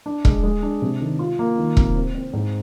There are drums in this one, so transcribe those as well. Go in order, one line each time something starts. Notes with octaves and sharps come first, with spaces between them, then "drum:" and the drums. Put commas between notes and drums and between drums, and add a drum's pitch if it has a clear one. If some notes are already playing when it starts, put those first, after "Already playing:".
D4
G#3, drum: kick E1
G#3
D4
C3
D#3
F4
A#3
D#3
C3, drum: kick E1
C4
C4
G#2